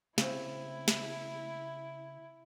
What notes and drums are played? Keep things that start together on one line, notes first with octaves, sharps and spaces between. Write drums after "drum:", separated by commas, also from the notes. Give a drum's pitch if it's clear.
C#3 C4 E4, drum: snare
drum: snare